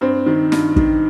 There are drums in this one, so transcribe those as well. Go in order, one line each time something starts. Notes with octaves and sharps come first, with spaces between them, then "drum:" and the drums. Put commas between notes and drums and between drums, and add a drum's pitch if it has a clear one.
G2 C4
D#3
G2, drum: snare
D#3, drum: kick